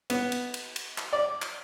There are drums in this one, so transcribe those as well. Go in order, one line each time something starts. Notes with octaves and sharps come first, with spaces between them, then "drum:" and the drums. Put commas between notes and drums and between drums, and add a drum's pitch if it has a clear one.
B3, drum: cymbal
drum: cymbal
drum: cymbal
drum: cymbal
drum: clap
D5
drum: clap